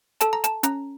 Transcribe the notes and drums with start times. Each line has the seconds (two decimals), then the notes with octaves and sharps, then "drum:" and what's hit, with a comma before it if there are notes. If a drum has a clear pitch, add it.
0.21 A4 A5, drum: hi-hat
0.33 A#5
0.44 A5, drum: hi-hat
0.63 C#4 A#5, drum: hi-hat